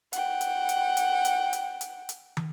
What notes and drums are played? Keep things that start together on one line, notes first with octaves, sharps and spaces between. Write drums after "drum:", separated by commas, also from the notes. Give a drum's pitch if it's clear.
F#5 G5, drum: hi-hat
drum: hi-hat
drum: hi-hat
drum: hi-hat
drum: hi-hat
drum: hi-hat
drum: hi-hat
drum: hi-hat
drum: tom